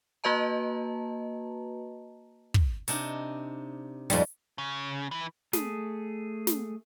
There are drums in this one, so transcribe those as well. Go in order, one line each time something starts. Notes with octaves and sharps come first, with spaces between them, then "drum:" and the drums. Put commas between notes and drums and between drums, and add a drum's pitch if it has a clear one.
A#3 F#4 B4 D#5 A5 A#5
drum: kick
C3 D4 D#4, drum: open hi-hat
F2 G#2 F3 G3 C#4, drum: open hi-hat
C#3
E3
A3 G#4, drum: snare
drum: snare